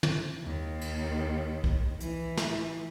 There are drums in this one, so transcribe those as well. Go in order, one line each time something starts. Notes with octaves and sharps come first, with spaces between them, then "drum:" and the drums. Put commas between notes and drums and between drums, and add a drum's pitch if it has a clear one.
drum: tom
D#2
drum: cymbal
drum: kick B1
E3, drum: hi-hat
drum: snare